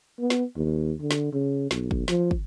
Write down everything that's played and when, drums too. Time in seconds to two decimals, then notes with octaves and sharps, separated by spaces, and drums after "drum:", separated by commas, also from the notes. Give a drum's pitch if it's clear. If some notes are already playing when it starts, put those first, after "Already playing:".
0.19 B3
0.30 drum: snare
0.56 D#2
1.01 D3
1.11 drum: snare
1.33 C#3
1.71 B1, drum: snare
1.91 drum: kick
2.08 F3, drum: snare
2.31 drum: kick